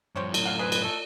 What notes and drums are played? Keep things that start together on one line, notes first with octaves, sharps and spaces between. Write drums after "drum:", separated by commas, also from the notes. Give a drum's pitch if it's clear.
G2 F3 G4 C5 C#5
F#2 A2, drum: cymbal
C#3 F5 F#5
C4 G#4 B4
drum: cymbal
A3